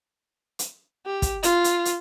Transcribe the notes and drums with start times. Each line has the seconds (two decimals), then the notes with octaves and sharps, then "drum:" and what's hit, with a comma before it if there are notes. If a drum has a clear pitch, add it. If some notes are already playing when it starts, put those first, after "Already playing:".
0.59 drum: hi-hat
1.06 G4
1.22 drum: kick, hi-hat
1.43 F4, drum: hi-hat
1.64 drum: hi-hat
1.85 drum: hi-hat